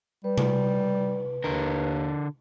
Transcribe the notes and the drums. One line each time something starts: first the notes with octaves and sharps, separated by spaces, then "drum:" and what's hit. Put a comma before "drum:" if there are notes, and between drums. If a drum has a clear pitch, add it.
G3 B4
drum: tom C3
D#2 D3 A#4